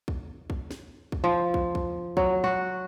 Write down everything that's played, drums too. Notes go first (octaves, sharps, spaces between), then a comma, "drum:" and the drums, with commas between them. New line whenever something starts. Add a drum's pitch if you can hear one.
drum: kick
drum: kick
drum: snare
drum: kick
F3
drum: kick
drum: kick
F#3, drum: kick
F#4